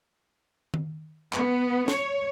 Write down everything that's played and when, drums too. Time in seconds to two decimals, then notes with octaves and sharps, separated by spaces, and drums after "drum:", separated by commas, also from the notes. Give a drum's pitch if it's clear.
0.74 drum: tom D#3
1.33 B3, drum: clap
1.88 C#5, drum: snare